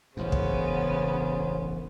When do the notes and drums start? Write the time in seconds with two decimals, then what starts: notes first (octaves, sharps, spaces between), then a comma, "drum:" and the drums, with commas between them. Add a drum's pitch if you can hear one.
0.17 E1 A1 F#2 C#3 B3 C#4 C5
0.32 drum: kick